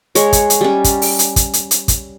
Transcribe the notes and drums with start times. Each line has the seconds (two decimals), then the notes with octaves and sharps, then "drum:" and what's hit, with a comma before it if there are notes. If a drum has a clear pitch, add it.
0.15 G#3 C#5, drum: hi-hat
0.33 drum: kick, hi-hat
0.50 drum: hi-hat
0.61 G3 C#4
0.84 drum: kick, hi-hat
1.02 drum: open hi-hat
1.19 drum: hi-hat
1.36 drum: kick, hi-hat
1.53 drum: hi-hat
1.71 drum: hi-hat
1.88 drum: kick, hi-hat